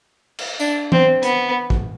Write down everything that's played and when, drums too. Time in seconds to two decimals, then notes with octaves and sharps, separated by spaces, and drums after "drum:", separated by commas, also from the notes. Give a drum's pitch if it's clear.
0.39 drum: cymbal
0.60 D4, drum: tambourine
0.92 C4, drum: tom E3
1.23 B3, drum: hi-hat
1.70 drum: kick